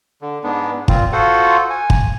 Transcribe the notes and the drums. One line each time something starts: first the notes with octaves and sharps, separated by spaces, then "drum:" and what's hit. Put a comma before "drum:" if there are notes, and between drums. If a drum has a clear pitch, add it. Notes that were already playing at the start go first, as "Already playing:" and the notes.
D3
G#2 B3 D4
A#2 C4 F4, drum: kick
F4 F#4 A4 C5 F#5
G#5
drum: kick